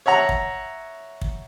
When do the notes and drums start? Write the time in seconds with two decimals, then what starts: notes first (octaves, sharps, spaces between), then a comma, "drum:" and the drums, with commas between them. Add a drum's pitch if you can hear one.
0.06 C#5 E5 F#5 A#5
0.29 drum: kick
1.21 drum: kick